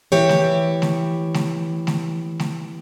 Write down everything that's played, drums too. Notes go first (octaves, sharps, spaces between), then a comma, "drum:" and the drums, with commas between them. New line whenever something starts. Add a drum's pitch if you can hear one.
E3 G4 C#5
drum: snare A3
drum: snare A3
drum: snare A3
drum: snare A3
drum: snare A3